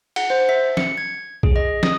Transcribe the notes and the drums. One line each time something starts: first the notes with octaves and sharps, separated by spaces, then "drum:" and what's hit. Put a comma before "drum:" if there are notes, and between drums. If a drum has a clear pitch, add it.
F#5, drum: cymbal
C5
E5
C#7, drum: snare
G#6
G#4, drum: kick
D#5
D#6, drum: snare